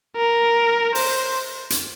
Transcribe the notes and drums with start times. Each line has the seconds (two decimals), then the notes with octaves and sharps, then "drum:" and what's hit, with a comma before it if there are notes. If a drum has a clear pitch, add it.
0.17 A#4
0.95 C5, drum: open hi-hat
1.70 drum: hi-hat